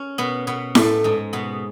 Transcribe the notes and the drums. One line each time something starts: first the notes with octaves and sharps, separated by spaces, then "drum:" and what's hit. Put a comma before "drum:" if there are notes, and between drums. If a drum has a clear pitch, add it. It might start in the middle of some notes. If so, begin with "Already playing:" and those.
Already playing: C#4
B2 B3
B2 B3
A2 A3, drum: snare E4
G#2 G#3
B2 B3